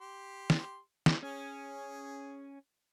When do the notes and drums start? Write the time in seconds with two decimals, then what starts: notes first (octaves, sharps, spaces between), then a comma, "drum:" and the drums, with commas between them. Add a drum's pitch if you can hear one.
0.01 G4 C6
0.50 drum: snare
1.06 drum: snare
1.23 C#4 G#4